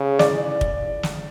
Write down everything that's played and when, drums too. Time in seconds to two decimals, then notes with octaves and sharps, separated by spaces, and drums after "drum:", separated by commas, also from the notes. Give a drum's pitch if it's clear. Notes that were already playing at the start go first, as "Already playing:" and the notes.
Already playing: C#3
0.19 D5, drum: snare
0.61 drum: kick
1.03 drum: snare